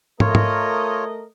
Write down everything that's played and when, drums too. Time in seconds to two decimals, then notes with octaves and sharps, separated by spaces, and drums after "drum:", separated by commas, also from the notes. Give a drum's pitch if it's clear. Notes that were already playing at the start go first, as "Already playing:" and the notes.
0.20 A3 F4 A#4 C#5 D#5, drum: tom
0.35 drum: tom